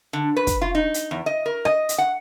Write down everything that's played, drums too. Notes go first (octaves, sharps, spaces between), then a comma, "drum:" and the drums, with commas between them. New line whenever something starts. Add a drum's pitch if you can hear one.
D3
B4
drum: kick, hi-hat
F4
D#4
drum: hi-hat
E2
D#5
A#4
D#5, drum: rim click
drum: hi-hat
F#5